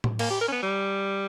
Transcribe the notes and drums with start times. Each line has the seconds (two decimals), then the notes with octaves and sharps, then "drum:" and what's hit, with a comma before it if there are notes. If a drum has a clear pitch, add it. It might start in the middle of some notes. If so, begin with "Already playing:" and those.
0.04 drum: tom A2
0.19 A#3, drum: cymbal
0.30 G4
0.41 A#4
0.48 C#4
0.52 B3
0.63 G3